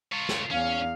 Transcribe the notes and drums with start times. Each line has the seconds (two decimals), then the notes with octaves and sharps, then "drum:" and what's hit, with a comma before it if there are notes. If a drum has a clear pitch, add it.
0.12 F4 C#5
0.29 drum: snare
0.51 E2 C#4 F5